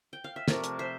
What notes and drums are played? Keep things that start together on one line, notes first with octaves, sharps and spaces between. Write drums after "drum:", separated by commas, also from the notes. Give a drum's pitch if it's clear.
G5
F5
E5
C3 F3 A3 A#4 D5, drum: snare
drum: hi-hat
C5 E5